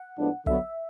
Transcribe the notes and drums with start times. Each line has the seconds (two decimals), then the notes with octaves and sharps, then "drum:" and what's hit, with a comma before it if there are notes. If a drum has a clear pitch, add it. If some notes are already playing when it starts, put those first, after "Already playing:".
Already playing: F#5
0.19 A2 F3 G#3 B3 D4
0.46 D3 F#3 B3 E5, drum: kick